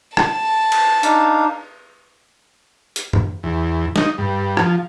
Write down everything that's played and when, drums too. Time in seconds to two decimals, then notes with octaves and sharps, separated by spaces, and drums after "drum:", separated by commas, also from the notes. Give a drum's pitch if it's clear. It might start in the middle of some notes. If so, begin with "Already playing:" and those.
0.17 A5, drum: rim click
0.72 drum: cymbal
1.03 D4 D#4 F5, drum: hi-hat
2.96 drum: hi-hat
3.13 drum: tom
3.43 E2
3.96 D#4, drum: snare
4.18 G2
4.57 F3, drum: rim click